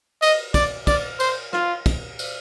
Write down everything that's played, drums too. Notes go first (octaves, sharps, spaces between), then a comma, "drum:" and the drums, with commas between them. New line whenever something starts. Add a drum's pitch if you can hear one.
D#5, drum: cymbal
D5, drum: kick, cymbal
D5, drum: kick, cymbal
C5, drum: cymbal
F4, drum: rim click
drum: kick, cymbal
drum: cymbal